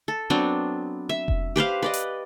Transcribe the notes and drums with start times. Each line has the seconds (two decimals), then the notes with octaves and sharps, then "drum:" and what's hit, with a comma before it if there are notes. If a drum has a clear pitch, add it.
0.08 A4
0.30 F#3 B3 C4 D4
1.09 E5
1.28 drum: kick F1
1.56 G4 B4 C5 F5
1.83 B4 D5 D#5
1.94 drum: hi-hat